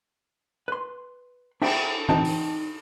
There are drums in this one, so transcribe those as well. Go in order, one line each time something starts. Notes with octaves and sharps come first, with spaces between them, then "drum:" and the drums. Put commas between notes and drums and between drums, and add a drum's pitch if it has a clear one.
B4 C6
D4 E5 G5, drum: cymbal
D4 D#4 C5 D#5 G5 A5, drum: tom
drum: open hi-hat